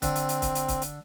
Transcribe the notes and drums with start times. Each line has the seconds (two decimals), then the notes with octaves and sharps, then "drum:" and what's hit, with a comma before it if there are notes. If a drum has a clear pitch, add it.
0.02 D3 C4, drum: kick, hi-hat
0.15 drum: hi-hat
0.29 drum: hi-hat
0.42 drum: kick, hi-hat
0.55 drum: hi-hat
0.68 drum: kick, hi-hat
0.82 drum: hi-hat